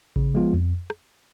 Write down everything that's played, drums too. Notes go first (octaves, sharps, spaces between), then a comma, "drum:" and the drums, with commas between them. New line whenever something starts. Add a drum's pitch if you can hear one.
C#3, drum: kick A1
F3 G#3 B3 F4
F2
drum: rim click